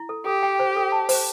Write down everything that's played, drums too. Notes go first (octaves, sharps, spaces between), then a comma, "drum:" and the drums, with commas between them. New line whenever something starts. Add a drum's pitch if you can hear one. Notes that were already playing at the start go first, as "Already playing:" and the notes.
Already playing: E4
A4
G4 A4
G5
C5
A4
A5
C5, drum: open hi-hat